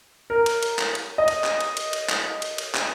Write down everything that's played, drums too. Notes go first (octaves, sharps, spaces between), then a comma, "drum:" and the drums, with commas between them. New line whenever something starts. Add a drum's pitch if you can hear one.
A#4
drum: cymbal
drum: cymbal
drum: clap
drum: cymbal
D#5
drum: cymbal
drum: clap
drum: cymbal
drum: cymbal
drum: cymbal
drum: clap
drum: cymbal
drum: cymbal
drum: clap